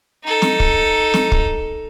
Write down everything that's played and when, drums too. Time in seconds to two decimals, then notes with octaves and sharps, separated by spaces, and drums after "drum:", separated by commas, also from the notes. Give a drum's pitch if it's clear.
0.24 D#4 A4
0.42 drum: snare
0.60 drum: kick
1.14 drum: snare
1.32 drum: kick